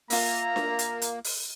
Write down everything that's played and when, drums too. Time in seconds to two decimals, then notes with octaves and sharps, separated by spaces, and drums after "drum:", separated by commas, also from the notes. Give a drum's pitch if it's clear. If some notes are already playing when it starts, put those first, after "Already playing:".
0.10 A#3 F4 E5 A#5, drum: open hi-hat
0.56 drum: snare D4
0.79 drum: hi-hat
1.02 drum: hi-hat
1.24 drum: open hi-hat